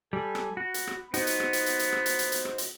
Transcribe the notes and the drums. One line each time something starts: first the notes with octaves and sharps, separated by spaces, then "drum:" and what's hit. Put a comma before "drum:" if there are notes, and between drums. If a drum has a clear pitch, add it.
G3 A4 G#5
drum: rim click
F#4 B5
drum: hi-hat
drum: rim click
B3 D#4 F#4 C5, drum: hi-hat
drum: hi-hat
drum: rim click
drum: hi-hat
drum: hi-hat
drum: hi-hat
drum: rim click
drum: hi-hat
drum: hi-hat
drum: hi-hat
drum: rim click
drum: hi-hat